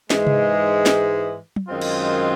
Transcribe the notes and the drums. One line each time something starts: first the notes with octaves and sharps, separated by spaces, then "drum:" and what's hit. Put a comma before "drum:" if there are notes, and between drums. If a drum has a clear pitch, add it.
G#2 E3 G#3, drum: snare
drum: tom C3
drum: snare
drum: tom
F#2 D#3 G#3 C4 F4
drum: cymbal